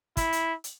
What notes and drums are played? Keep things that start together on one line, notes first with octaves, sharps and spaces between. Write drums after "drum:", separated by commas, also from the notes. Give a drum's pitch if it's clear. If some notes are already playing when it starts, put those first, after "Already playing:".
E4, drum: kick, hi-hat
drum: hi-hat
drum: hi-hat